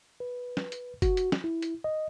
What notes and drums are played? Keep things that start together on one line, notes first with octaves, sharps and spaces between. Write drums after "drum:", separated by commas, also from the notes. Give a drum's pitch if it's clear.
B4
drum: snare
drum: hi-hat
F#4, drum: kick, hi-hat
drum: hi-hat
drum: snare
E4
drum: hi-hat
D#5